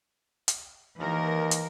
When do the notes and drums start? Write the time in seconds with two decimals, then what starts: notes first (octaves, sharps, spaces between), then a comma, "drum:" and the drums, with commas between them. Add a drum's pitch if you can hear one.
0.48 drum: hi-hat
1.00 D#2 E3 A#4
1.51 drum: hi-hat